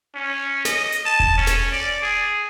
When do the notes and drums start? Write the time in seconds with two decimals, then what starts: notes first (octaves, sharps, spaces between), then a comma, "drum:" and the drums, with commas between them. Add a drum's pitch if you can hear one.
0.15 C#4
0.65 D#5, drum: snare
0.92 drum: hi-hat
1.05 A5
1.20 drum: kick E1
1.38 C#4
1.47 drum: snare
1.72 D5
2.03 G#4